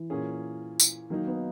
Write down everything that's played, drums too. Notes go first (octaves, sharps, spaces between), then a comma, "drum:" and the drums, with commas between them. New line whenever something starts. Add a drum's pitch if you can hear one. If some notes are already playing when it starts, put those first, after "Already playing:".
Already playing: E3
A#2 A#3 C#4 G#4
drum: tambourine
D#3 F#3 A#3 D#4
B3